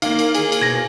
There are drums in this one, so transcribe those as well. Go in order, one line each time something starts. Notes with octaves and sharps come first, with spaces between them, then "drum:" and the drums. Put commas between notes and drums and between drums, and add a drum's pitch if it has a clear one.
D#3 A#3 F5, drum: cymbal
drum: cymbal
G#4, drum: cymbal
drum: cymbal
B2 G#6 A#6